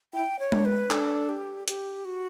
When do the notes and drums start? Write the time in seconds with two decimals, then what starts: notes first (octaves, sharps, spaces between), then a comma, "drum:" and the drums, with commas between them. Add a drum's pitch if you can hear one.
0.13 E4 G5
0.39 C#5
0.52 D4, drum: tom G#3
0.65 B4
0.90 D4 A4, drum: clap
1.29 G4
1.68 G4, drum: hi-hat
2.05 F#4